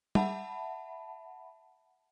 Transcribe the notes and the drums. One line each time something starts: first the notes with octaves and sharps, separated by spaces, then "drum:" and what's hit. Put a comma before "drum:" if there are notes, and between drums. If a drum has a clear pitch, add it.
E5 F#5 A5 B5, drum: tom G3